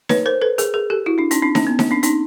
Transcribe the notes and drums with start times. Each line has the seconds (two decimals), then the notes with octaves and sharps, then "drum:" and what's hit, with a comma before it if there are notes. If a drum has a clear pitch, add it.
0.09 B4 C#5, drum: snare D#4
0.26 A#4 C5
0.42 A4 B4
0.58 G#4 A#4, drum: hi-hat
0.74 G#4 A#4
0.90 G4 A4
1.06 E4 F#4
1.18 D4 E4
1.31 C#4 D#4, drum: hi-hat
1.42 C4 D4
1.55 C#4, drum: snare D#4
1.67 B3
1.79 C4, drum: snare D#4
1.91 C4 D4
2.03 C#4 D#4, drum: hi-hat